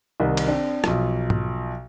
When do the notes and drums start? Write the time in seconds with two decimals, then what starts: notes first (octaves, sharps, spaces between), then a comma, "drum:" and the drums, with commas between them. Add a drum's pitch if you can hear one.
0.20 C2 D#3 D#5
0.37 drum: cymbal
0.47 C4 D4
0.84 B1 F3, drum: rim click
1.30 drum: tom G#2